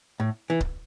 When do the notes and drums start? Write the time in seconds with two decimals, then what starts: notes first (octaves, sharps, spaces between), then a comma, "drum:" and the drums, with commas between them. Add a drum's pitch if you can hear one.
0.20 A2
0.50 E3
0.60 drum: kick C#1